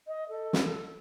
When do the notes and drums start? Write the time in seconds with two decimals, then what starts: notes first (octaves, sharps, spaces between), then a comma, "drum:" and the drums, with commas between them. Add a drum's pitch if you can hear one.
0.07 D#5
0.29 A4
0.53 drum: snare